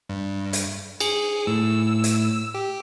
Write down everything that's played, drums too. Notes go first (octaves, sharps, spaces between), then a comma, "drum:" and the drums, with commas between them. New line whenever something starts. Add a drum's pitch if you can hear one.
G2
drum: hi-hat
G#4, drum: cymbal
A2 E6
drum: hi-hat
G4